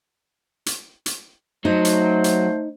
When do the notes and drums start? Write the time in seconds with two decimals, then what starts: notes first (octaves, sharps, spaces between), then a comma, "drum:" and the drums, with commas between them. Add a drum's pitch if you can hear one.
0.66 drum: hi-hat
1.06 drum: hi-hat
1.65 F#3 A3 D#4 C5
1.85 drum: hi-hat
2.24 drum: hi-hat